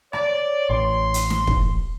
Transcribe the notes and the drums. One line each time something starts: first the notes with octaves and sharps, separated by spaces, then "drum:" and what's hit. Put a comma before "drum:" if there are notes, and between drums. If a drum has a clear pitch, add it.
C#5 D5, drum: rim click
A1 C6
drum: hi-hat
drum: snare
drum: kick